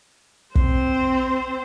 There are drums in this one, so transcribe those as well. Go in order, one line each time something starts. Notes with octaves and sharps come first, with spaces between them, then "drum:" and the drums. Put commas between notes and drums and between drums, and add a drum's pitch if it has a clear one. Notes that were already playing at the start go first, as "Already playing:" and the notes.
C4 C5, drum: kick